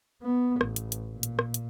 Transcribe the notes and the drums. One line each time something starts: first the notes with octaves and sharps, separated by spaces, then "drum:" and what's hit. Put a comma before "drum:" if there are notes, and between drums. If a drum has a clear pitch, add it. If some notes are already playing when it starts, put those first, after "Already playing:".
B3
A1, drum: rim click
drum: hi-hat
drum: hi-hat
A#2
drum: hi-hat
drum: rim click
drum: hi-hat